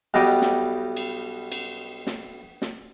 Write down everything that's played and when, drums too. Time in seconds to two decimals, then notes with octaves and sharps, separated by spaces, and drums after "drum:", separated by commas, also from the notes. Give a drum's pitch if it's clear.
0.14 B1 B2 G3 D#5 G5
0.42 drum: snare
0.97 drum: cymbal
1.52 drum: cymbal
2.07 drum: snare
2.62 drum: snare